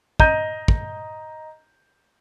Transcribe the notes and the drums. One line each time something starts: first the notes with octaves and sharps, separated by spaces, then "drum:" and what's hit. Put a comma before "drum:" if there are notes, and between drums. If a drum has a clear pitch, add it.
D#5 A#5 G6 D#7, drum: kick
drum: kick